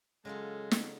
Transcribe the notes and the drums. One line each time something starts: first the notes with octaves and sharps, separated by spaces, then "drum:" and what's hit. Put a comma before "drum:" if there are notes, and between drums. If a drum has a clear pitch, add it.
C#3 F#3 G#3 F4 A4
drum: snare